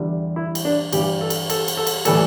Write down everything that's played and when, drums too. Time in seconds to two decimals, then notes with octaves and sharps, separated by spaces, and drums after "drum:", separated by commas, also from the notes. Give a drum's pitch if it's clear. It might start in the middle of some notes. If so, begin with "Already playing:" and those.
Already playing: E2 D3 G3
0.36 E4
0.55 drum: cymbal
0.65 D4
0.93 G2 E3 G3 G4, drum: cymbal
1.21 A4
1.30 drum: cymbal
1.50 A4, drum: cymbal
1.68 drum: cymbal
1.77 A4
1.87 drum: cymbal
2.05 A2 E3 G3 A4, drum: cymbal